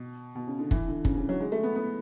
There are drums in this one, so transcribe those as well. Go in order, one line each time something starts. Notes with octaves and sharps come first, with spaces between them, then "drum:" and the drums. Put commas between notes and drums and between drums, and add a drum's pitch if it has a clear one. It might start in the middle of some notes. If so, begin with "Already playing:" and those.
Already playing: B2
B2
C#3
D3
E3, drum: kick
D3
C#3, drum: kick
C#3
F#3
G#3
A3
B3
B3